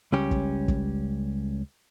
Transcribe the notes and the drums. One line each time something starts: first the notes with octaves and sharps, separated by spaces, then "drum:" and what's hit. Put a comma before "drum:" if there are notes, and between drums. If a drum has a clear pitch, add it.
C#2 G3 C#4 G4
drum: kick
drum: kick